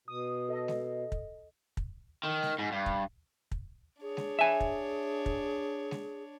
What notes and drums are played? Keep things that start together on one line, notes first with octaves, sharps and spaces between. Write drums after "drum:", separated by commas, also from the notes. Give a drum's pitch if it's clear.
B2 D#6
A4 D#5
drum: snare G#3
drum: kick
drum: kick
D#3
drum: snare G#3
G#2
G2
drum: kick
drum: kick
D4 G#4 C#5
drum: snare G#3
E5 G#5
drum: kick
drum: kick
drum: snare G#3